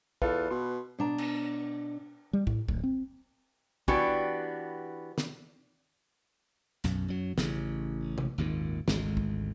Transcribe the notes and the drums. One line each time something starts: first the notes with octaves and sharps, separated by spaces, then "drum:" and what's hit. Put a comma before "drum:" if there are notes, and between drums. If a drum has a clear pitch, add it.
E2 F4 A4 B4, drum: kick
B2 C6
B2 D4 A#5
drum: cymbal
G3
A2, drum: kick
D1, drum: kick
C4
E3 B3 D4 F#4 G4, drum: kick
drum: snare
B1 F#2, drum: hi-hat
F#2 F#3
A1 C#3, drum: snare
drum: tom C3
G#1 D#2 A#2
G#1 D2 G#3, drum: snare
drum: kick